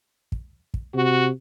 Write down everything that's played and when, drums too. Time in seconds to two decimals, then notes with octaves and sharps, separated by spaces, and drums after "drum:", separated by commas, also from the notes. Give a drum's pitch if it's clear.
0.32 drum: kick
0.74 drum: kick
0.95 C3 F#4